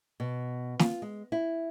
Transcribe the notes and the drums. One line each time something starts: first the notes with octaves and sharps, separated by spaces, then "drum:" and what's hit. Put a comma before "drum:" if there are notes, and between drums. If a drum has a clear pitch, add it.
B2
F4, drum: snare
G#3
E4